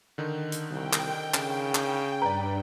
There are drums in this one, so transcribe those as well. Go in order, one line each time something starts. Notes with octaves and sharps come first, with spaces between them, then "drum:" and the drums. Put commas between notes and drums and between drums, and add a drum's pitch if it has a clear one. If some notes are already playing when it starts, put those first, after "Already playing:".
D3 D#3 D#4
drum: hi-hat
C2 G5
drum: clap
C#3, drum: clap
drum: clap
G2 B4 D5 A#5